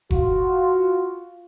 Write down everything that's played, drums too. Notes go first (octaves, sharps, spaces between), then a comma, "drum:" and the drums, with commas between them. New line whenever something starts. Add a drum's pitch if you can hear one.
F4 F#4, drum: kick F1